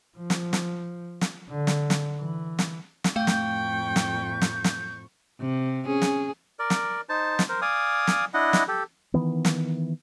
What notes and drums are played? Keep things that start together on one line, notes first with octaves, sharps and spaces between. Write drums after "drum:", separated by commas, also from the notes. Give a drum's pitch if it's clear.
F3
drum: snare
drum: snare
drum: snare
D3
drum: snare
drum: snare
E3
drum: snare
drum: snare
F2 A2 A3 F5 G5 C#6 G6
drum: snare
drum: snare
drum: snare
drum: snare
C3
C#4 G#4
drum: snare
A#4 D5
drum: snare
D#4 C5 A5
drum: snare
A#4 C5
D5 F5 G#5 D#6
drum: snare
D4 E4 D#5 F#5
drum: snare
G4 A4
D#3 E3 B3
drum: snare